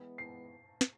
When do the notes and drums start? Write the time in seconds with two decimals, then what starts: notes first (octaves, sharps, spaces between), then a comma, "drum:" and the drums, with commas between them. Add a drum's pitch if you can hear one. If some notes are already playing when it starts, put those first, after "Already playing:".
Already playing: E3 G#3 B3
0.18 C7
0.81 drum: snare